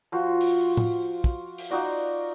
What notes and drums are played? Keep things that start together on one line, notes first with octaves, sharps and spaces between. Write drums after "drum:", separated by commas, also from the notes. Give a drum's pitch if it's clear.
F3 F4 F#4 C5
drum: open hi-hat
drum: tom
drum: kick
drum: open hi-hat
D#4 F4 F#4 D5